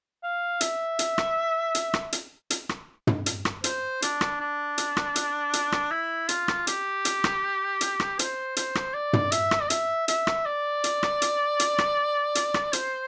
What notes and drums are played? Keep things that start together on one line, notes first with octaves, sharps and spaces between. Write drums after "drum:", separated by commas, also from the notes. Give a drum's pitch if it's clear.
F5
E5, drum: hi-hat
drum: hi-hat
drum: rim click
drum: hi-hat
drum: rim click
drum: hi-hat
drum: hi-hat
drum: rim click
drum: tom
drum: hi-hat
drum: rim click
C5, drum: hi-hat
D4, drum: hi-hat
drum: rim click
D4
drum: hi-hat
drum: rim click
drum: hi-hat
drum: hi-hat
drum: rim click
E4
F4, drum: hi-hat
drum: rim click
G4, drum: hi-hat
drum: hi-hat
drum: rim click
drum: hi-hat
drum: rim click
C5, drum: hi-hat
C5, drum: hi-hat
drum: rim click
D5
drum: tom
E5, drum: hi-hat
drum: rim click
D5
E5, drum: hi-hat
E5, drum: hi-hat
drum: rim click
D5
drum: hi-hat
drum: rim click
drum: hi-hat
drum: hi-hat
drum: rim click
drum: hi-hat
drum: rim click
C5, drum: hi-hat